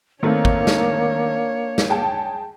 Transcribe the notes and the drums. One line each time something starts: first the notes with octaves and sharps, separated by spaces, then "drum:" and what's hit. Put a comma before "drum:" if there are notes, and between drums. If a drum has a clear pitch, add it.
D#3 A3 A#3 C4 D4 C#5
drum: kick
drum: snare
drum: snare
G#4 G5 A5